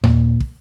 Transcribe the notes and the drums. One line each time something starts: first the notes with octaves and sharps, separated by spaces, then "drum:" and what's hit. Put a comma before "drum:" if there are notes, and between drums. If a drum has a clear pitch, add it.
A#2, drum: tom D#2
drum: kick